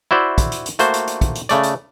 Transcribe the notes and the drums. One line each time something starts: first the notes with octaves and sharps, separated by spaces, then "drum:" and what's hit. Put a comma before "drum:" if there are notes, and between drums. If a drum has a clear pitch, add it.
E4 F#4 C5 D5 E5
drum: kick, hi-hat
drum: hi-hat
drum: hi-hat
A3 A#3 F#4 C5, drum: hi-hat
drum: hi-hat
drum: hi-hat
drum: kick, hi-hat
drum: hi-hat
C#3 A3 D5, drum: hi-hat
drum: hi-hat